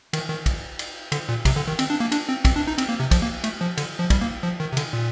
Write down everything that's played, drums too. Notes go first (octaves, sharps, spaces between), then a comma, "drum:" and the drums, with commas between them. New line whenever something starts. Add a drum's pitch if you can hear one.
D#3, drum: cymbal
D#3
drum: kick, cymbal
drum: cymbal
D3, drum: cymbal
A#2
C3, drum: kick, cymbal
D3
D#3
C4, drum: cymbal
D4
A#3
D4, drum: cymbal
C4
C4, drum: kick, cymbal
D4
D#4
C4, drum: cymbal
A#3
C3
F3, drum: kick, cymbal
A#3
A3, drum: cymbal
F3
D3, drum: cymbal
F3
G3, drum: kick, cymbal
A#3
F3
D#3
C3
D3, drum: cymbal
A#2